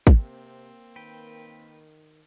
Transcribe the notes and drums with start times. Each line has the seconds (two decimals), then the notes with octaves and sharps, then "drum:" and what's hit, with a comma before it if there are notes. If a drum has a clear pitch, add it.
0.07 drum: kick
0.18 C3 A#3 C4
0.96 D#3 B4 G5